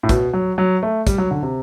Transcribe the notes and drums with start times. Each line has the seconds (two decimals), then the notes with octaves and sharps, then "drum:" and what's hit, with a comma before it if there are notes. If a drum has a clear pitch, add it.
0.03 A2
0.09 B2, drum: kick, hi-hat
0.33 F#3
0.58 F#3
0.83 A3
1.07 G3, drum: kick, hi-hat
1.18 F#3
1.31 D3
1.43 C3